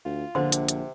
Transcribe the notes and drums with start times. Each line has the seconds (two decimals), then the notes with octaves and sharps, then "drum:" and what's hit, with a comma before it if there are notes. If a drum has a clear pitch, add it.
0.05 D2 F4
0.35 A#1 D3 C5 C6
0.52 C3, drum: hi-hat
0.69 drum: hi-hat